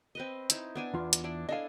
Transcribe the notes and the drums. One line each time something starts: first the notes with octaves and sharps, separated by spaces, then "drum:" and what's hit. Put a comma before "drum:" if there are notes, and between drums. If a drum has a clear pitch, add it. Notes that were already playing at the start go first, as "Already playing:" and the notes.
C4 B4 D#5
D#4 E4, drum: hi-hat
B3 D4 G#5
E2 F4
drum: hi-hat
D4 E4 D5
D4 A4 D#5 F5 G#5